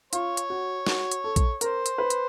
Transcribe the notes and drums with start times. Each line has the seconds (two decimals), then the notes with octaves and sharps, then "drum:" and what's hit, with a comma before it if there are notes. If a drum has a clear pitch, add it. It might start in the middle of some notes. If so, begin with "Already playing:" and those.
0.13 F4 C#5, drum: hi-hat
0.37 drum: hi-hat
0.50 F#4
0.87 F#4, drum: snare
1.11 drum: hi-hat
1.24 A4
1.36 drum: kick, hi-hat
1.61 A#4 C5, drum: hi-hat
1.86 drum: hi-hat
1.98 B4
2.10 drum: hi-hat